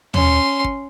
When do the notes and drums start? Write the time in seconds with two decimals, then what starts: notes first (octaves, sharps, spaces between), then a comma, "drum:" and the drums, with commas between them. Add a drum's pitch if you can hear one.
0.14 C#4 C6, drum: tom
0.64 drum: kick